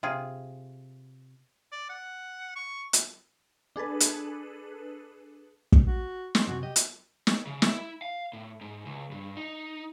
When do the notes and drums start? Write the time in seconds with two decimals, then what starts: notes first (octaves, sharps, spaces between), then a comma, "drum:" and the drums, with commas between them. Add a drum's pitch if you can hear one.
0.03 C3 F4 G#4
1.72 D5
1.89 F#5
2.56 C#6
2.93 drum: hi-hat
3.76 D4 G#4 A4 B4
4.00 drum: hi-hat
5.72 drum: kick
5.87 F#4
6.35 C6, drum: snare
6.47 F#2 C3 F#4
6.63 G4 D#5
6.76 drum: hi-hat
7.27 drum: snare
7.47 C#3
7.62 E4, drum: snare
8.02 F5
8.33 A2
8.61 G#2
8.86 C#2
9.11 G2
9.37 D#4